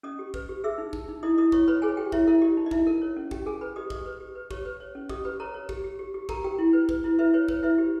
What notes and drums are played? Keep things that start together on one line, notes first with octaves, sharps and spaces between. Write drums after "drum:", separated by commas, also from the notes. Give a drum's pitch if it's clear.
C#4 D#5 D#6
G4
B4, drum: kick
G4
G#4 E5 E6
D#4
D#4, drum: kick
D#4
E4 D#5 D#6
E4 D#5 D#6
E4 C#5 C#6, drum: kick
B4 C#5 B5
G#4 C#5 G#5
G4 G5
E4 C#5 E5, drum: kick
E4 A#4 E5
G4 D#5
D#4
D#5
D#4 E4 E5, drum: kick
A#4
C#5
C#4
G4 G5, drum: kick
G#4 A#4 G#5
B4 B5
G4 D#5 D#6
G4 D#5 D#6, drum: kick
B4
G4
B4
G4 C#5 C#6, drum: kick
B4
C#5
C#4
G4 D#5 D#6, drum: kick
G4 B4 B5
A#4 C#5 A#5
C#5
G4, drum: kick
G4
G4
G4
G4 A#4 A#5, drum: kick
G4 G5
E4
B4
B4, drum: kick
E4
E4 B4 E5
B4 C#5
B4 C#5, drum: kick
E4 B4 E5
G4